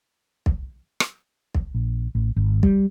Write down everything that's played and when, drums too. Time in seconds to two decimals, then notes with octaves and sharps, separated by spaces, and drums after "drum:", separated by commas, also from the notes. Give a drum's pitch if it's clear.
0.46 drum: kick
1.00 drum: rim click
1.55 drum: kick
1.75 A#1
2.15 A1
2.36 G#1
2.63 G3, drum: kick